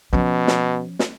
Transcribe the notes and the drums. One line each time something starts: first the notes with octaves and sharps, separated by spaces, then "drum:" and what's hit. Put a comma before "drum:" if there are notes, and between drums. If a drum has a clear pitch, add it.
B2 F3 C#4
drum: snare
drum: snare